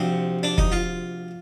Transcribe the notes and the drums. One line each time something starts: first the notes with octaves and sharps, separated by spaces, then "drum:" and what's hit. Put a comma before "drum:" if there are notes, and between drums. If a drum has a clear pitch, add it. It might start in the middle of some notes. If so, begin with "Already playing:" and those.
Already playing: D2 C3 F3 C4
D4
D#4, drum: kick
F4